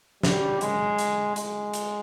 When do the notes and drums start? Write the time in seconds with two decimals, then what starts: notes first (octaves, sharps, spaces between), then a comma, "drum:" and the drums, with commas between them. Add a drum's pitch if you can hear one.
0.23 G3, drum: snare
0.61 G#3, drum: hi-hat
0.98 drum: hi-hat
1.36 G#3, drum: hi-hat
1.74 drum: hi-hat